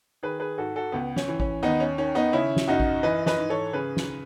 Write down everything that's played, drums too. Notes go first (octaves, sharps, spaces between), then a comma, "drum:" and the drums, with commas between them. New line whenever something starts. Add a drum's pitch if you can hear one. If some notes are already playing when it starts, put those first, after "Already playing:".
D#3 G#4 B4
G#4 B4
G#2 F#4 A4
F#4 A4
C#2 B3
C#4, drum: snare
E3
C#4, drum: kick A1
D#2 B3 D#4
C#4
D#3 C#4
B3 D#4
C#3 C#4 E4
drum: snare
F#2 D#4 F#4
drum: kick A1
E3 B4 D#5
B4 D#5, drum: snare
G#2
A4 C#5
C#3 G#4 B4
drum: snare